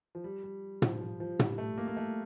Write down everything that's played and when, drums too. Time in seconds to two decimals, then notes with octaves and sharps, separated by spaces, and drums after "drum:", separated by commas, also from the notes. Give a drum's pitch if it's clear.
0.15 F3
0.24 G3
0.44 G3
0.82 F3, drum: tom
1.01 F3
1.20 F3
1.39 G3, drum: tom
1.58 A3
1.78 A#3
1.88 A#3
1.97 A3